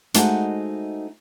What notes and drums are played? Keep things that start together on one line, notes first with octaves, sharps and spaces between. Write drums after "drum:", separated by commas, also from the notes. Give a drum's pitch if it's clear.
G#3 A3 D#4 F#4 C5 F#5, drum: hi-hat